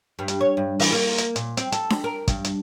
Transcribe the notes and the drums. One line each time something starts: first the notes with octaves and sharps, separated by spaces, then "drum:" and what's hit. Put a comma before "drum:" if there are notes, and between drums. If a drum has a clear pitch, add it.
G2
drum: hi-hat
C#5
G2
E3, drum: open hi-hat
A#3
drum: hi-hat
A#2, drum: hi-hat
C4, drum: hi-hat
A4, drum: hi-hat
drum: snare D4
A#4
G2, drum: kick, hi-hat
drum: hi-hat